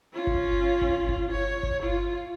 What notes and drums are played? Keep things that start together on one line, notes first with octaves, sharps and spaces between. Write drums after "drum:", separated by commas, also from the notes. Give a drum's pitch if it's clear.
C#4 F4
drum: kick G1
drum: kick G1
drum: kick G1
C#5
drum: kick G1
F4